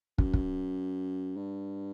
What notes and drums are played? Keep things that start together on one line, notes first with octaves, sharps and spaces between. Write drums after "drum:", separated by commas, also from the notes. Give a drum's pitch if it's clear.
F#2, drum: kick
drum: kick
G2